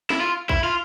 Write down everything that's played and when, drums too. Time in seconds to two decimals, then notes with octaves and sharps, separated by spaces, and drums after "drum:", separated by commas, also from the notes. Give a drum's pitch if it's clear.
0.10 E4, drum: snare
0.20 F4
0.49 E4, drum: kick
0.64 F4